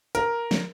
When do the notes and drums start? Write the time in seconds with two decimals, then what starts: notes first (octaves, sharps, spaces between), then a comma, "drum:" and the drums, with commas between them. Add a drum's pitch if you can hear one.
0.15 A#4, drum: hi-hat
0.51 drum: snare